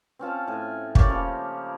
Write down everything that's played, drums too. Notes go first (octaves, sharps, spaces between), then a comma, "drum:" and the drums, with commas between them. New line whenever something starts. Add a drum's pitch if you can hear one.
C4 C#4 F4 A5
A2 G#5
A#3 G4 C#5 D5, drum: kick
C#3 F3